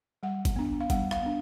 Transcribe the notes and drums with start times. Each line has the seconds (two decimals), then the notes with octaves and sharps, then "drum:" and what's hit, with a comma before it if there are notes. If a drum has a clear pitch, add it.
0.23 G3 F#5
0.45 drum: kick G1, hi-hat
0.56 B3 D4
0.80 F5
0.90 G3 F#5, drum: kick G1, hi-hat
1.11 F5, drum: rim click
1.22 B3 D4